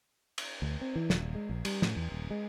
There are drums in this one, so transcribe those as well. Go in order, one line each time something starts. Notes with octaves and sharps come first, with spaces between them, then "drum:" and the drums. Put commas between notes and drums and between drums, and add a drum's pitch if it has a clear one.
drum: cymbal
D2
C4
E3
D#1, drum: snare
G#3
A#1
G3, drum: cymbal
A2, drum: snare
E2
D#1
G#3